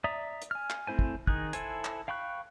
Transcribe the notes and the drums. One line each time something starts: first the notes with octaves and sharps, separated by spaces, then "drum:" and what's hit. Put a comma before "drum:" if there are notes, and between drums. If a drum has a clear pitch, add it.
D5 E5 A#5 D#6
drum: hi-hat
G#5 F6
drum: clap
A3 C4 E4 C5 G#5
drum: kick
D#3 D#4 G#4 F#6, drum: kick
E4 A4 C5 G#5, drum: hi-hat
drum: clap
F5 G5 B5 C#6 F#6